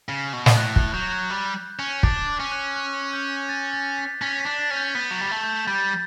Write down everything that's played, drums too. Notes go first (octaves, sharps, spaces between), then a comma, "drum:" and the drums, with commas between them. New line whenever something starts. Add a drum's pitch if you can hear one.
C#3
B2
drum: snare
A2 F#6
F#6, drum: kick
F#3 G6
F#6
G3
C#4
D4 D6, drum: kick
D6
C#4
F#6
F#6
G6
A6
A6
B6
C#4 B6
B6
D4
A6
C#4
G6
B3 B6
F#3
G3 A6
A3
G6
G3 G6
A6